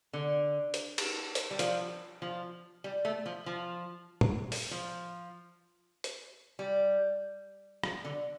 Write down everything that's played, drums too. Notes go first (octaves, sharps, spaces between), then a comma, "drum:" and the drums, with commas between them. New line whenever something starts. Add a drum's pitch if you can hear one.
D3
drum: hi-hat
drum: cymbal
drum: hi-hat
G3
F3, drum: hi-hat
F3
G3
A3
F3
F3
drum: tom
drum: open hi-hat
F3
drum: hi-hat
G3
F3, drum: rim click
D3